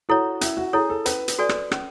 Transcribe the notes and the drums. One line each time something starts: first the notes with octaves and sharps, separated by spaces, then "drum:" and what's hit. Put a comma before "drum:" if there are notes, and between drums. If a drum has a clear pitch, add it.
E4 F#4 A4 C#5
C#4 E4, drum: hi-hat
F#4
E4 G#4 A4 C#5
A4
C#4 B4, drum: hi-hat
drum: hi-hat
F#4 A4 D5 G#5
drum: rim click
C#4, drum: rim click